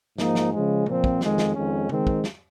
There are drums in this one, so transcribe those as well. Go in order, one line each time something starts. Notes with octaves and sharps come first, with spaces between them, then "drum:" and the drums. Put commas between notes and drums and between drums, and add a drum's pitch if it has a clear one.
G#2 F3 A#3 D#4, drum: snare
drum: snare
C#3 F3 G#3
A#2 F3 C4, drum: tom C#3
drum: kick
F2 D#3 G#3, drum: snare
drum: snare
F2 D#3 G#3 C#4
D#3 G#3 C4, drum: tom C#3
drum: kick
drum: snare